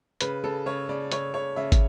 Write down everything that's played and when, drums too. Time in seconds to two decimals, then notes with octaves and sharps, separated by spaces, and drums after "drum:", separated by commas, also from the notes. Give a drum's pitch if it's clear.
0.21 C#3 B4, drum: hi-hat
0.44 C#3 A4
0.66 C#3 C#5
0.89 C#3 D5
1.12 C#3 C#5, drum: hi-hat
1.34 C#3 C#5
1.56 C#3 E5
1.72 drum: kick, hi-hat